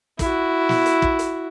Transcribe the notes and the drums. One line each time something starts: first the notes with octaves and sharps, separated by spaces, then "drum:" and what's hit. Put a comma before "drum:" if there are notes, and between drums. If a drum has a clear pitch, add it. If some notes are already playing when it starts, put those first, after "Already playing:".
E4 F#4, drum: kick, hi-hat
drum: snare
drum: hi-hat
drum: kick
drum: hi-hat